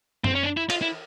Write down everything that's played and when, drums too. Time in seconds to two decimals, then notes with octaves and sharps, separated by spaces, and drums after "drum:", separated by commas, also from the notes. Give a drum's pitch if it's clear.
0.24 C4, drum: tom F#2
0.35 C#4
0.43 D4
0.57 E4
0.70 F4, drum: cymbal
0.82 E4